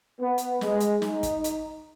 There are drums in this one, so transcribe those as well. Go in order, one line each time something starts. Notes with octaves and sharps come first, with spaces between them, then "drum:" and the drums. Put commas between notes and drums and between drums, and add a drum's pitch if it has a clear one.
B3
drum: hi-hat
G#3, drum: snare
drum: hi-hat
D#4, drum: snare
drum: kick, hi-hat
drum: hi-hat